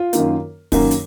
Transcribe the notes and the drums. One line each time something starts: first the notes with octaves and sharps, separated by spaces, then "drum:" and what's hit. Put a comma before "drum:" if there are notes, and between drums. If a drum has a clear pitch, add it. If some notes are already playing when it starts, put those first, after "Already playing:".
Already playing: F4
F#2 D#3 A#3, drum: hi-hat
F#2 D#3 A#3, drum: kick, open hi-hat
drum: hi-hat